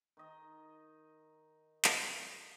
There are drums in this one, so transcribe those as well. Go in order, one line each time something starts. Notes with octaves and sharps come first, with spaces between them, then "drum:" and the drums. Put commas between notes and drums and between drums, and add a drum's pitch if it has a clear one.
D#3 D#5
drum: clap